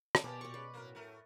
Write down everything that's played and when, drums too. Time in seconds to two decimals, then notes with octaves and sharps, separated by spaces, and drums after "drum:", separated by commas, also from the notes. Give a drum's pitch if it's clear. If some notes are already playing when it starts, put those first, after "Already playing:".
0.15 drum: rim click
0.24 B2 A#3 G4 B4 D5 G#5 A5
0.41 A#2 D5 C#6
0.54 G#3 C#4 B4 D#5
0.73 F#2 A2 A#3 A#4
0.95 A3 A#4